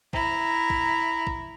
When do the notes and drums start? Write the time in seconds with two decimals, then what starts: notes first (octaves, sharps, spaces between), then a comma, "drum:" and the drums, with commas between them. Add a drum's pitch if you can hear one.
0.13 E4 A#5, drum: kick
0.70 drum: kick
1.27 drum: kick